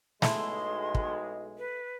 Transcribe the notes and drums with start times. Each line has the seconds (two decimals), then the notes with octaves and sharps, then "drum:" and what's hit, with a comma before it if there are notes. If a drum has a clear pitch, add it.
0.22 B1 G#3 A3 E4 C6, drum: snare
0.95 drum: kick
1.58 B4